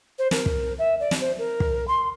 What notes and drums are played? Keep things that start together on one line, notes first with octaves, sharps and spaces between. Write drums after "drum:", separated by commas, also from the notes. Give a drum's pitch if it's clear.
C5
A#4, drum: snare
drum: kick
E5
D5
drum: snare
C5
A#4
drum: kick
C6